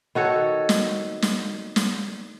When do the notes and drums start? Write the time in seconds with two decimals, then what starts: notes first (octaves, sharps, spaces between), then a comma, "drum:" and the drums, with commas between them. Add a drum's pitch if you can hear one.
0.15 D#3 F#4 A4 C#5
0.69 drum: snare
1.22 drum: snare
1.76 drum: snare